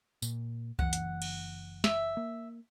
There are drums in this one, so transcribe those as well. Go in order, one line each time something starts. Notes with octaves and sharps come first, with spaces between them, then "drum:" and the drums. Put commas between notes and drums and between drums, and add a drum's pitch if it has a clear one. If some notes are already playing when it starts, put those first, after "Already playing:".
A#2, drum: tambourine
F#1 E3 F#5, drum: kick C#2
drum: hi-hat
drum: cymbal
E5, drum: snare
A#3